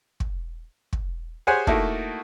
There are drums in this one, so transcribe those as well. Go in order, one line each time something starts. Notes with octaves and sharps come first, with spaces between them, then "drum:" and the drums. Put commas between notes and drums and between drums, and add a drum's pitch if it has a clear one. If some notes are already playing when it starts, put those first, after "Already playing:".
drum: kick
drum: kick
G4 G#4 C5 C#5 F#5 G#5
A3 A#3 D#4 E4 F#4 A4, drum: kick